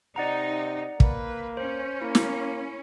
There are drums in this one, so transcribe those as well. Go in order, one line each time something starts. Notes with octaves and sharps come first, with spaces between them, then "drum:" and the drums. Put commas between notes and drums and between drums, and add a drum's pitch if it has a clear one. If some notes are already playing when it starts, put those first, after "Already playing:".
C3 D#4 D5 F#5 A#5
A#3 B4, drum: kick
C#4 C5
A#3 E4
drum: snare